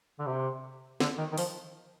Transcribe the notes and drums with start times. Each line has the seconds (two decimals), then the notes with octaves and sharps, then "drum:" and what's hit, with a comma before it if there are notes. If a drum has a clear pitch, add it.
0.19 D3
0.26 C3
1.00 D3, drum: snare
1.18 D#3
1.32 D#3
1.38 F3, drum: open hi-hat